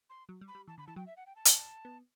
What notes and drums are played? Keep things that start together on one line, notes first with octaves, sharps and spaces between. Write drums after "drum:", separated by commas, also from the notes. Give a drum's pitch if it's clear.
C6
F#3
G3
B5
G3
E3 A5
D3 B5
E3 A5
F#3 G5
E5
F#5
G5
A5
drum: hi-hat
B3